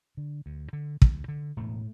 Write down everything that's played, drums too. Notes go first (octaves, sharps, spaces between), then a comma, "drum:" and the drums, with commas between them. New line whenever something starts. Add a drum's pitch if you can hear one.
D3
D2
D3
D2, drum: kick
D3
E1 A2 A3